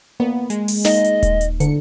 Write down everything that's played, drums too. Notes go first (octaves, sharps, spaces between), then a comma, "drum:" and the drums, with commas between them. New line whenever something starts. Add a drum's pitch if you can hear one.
A#3 B3
G#3, drum: hi-hat
drum: open hi-hat
A#3 D#4 D#5, drum: snare
drum: hi-hat
drum: kick D#1, hi-hat
drum: hi-hat
D3 C#7, drum: hi-hat